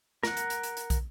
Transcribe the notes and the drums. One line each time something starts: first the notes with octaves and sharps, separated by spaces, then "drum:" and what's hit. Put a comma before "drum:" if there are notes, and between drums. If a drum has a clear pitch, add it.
A#4 F#5, drum: snare
drum: hi-hat
drum: hi-hat
drum: hi-hat
drum: hi-hat
drum: kick, hi-hat